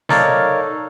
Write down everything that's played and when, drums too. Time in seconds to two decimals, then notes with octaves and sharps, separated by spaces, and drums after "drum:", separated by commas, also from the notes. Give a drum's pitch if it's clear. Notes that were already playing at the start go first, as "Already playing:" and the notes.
0.09 D#4 A4 A#4 C#5 D5 F5, drum: snare